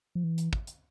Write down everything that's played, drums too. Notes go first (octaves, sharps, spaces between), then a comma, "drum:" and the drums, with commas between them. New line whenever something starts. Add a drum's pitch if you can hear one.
F3
E3
drum: hi-hat
drum: kick
drum: hi-hat